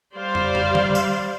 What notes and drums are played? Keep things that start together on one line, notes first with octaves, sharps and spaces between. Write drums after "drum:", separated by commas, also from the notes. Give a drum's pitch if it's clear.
G3 C5 D5 F5
drum: tom
drum: tom
drum: tom D3
drum: tambourine